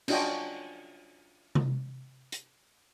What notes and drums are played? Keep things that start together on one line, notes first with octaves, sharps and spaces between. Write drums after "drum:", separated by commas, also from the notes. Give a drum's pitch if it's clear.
C#4 D4 F4 F#4 D#5 G5, drum: cymbal
drum: tom C3
drum: hi-hat